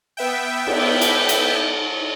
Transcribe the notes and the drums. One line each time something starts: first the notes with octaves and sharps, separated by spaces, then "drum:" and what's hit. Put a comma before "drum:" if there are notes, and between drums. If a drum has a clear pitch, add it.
B3 E5 G5
drum: cymbal
drum: hi-hat
drum: hi-hat